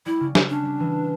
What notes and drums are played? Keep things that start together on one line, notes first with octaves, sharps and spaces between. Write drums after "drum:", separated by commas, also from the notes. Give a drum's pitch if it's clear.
G3 E4
C#3
G3, drum: snare
C#4 D4
G3
E3